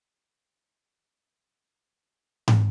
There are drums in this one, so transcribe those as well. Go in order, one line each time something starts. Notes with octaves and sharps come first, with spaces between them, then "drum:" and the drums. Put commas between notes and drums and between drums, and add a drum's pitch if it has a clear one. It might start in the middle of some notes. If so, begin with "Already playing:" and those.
Already playing: D2 D3 F3
G6
F6
D#6
F6
C2 B2 B3 G6
G6
F6
G6
D2 D3 F3 B3 G6
drum: tom G#2